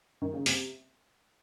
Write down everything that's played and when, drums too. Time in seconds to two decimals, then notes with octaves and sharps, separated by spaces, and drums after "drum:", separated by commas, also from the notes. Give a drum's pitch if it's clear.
0.22 D#3
0.33 C#3
0.46 C3, drum: open hi-hat